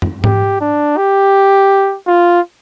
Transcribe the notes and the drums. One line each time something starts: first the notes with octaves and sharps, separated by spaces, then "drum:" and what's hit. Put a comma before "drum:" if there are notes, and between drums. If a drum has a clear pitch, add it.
drum: tom
G4, drum: tom G#2
D4
G4
F4